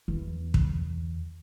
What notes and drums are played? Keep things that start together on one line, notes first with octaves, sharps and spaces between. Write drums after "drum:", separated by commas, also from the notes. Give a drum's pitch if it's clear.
E2
drum: kick